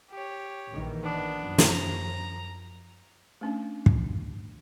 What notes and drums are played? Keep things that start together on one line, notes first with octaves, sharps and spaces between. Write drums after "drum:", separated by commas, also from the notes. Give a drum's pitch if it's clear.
G4 C#5
A#1 D#3 E3
B3 D4
F#2 F3
drum: snare
A#5
A3 C#4 D4
drum: kick